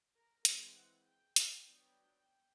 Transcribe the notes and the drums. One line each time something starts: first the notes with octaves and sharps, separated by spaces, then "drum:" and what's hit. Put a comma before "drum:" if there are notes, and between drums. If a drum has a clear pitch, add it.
A#4
E3 G#3 C4, drum: hi-hat
F#5
G5
drum: hi-hat
F#3 B3 D4 G5